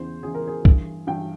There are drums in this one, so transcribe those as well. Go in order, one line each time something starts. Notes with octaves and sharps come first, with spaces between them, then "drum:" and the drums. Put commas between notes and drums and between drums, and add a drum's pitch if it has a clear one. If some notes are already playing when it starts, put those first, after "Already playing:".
Already playing: E2 C#3 E3 C5
E2 C#3 E3 G#4
A#4
G#4
G2 E3, drum: kick
G2 E3 G5